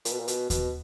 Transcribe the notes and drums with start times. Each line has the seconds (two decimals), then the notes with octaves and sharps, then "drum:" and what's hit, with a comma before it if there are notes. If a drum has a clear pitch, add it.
0.05 A#2, drum: hi-hat
0.12 B2
0.20 A#2
0.28 B2, drum: hi-hat
0.50 B2, drum: kick D#2, hi-hat